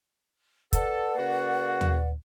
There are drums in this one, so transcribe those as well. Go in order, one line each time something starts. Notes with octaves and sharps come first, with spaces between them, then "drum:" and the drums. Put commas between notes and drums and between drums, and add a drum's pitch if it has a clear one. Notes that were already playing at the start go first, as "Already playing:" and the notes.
A4 B4 D5 F#5, drum: kick, hi-hat
C#3 A#3 F#4
drum: tom D#2